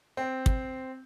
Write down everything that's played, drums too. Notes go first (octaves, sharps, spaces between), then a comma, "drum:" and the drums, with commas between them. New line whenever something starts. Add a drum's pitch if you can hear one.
C4
drum: kick